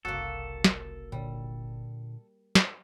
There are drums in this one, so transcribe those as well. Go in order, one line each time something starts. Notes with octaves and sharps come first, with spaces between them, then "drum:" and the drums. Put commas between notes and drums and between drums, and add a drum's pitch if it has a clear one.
F#1 C2 A#3 F#4 A4
drum: snare
A#2 D3 G3 D4
drum: snare